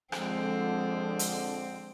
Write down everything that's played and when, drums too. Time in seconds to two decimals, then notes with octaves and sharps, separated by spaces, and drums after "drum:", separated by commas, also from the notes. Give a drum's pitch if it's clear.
0.12 F2 D3 F3 G#3 C4, drum: rim click
1.19 drum: hi-hat